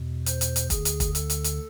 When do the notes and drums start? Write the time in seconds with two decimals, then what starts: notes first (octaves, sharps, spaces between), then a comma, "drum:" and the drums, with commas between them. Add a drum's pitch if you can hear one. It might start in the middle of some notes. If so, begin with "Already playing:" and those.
Already playing: E2 B2
0.26 C5, drum: hi-hat
0.41 drum: hi-hat
0.56 drum: hi-hat
0.70 D2 D3 G#4, drum: kick, hi-hat
0.85 drum: hi-hat
1.00 drum: kick, hi-hat
1.15 A4, drum: hi-hat
1.30 drum: hi-hat
1.44 drum: hi-hat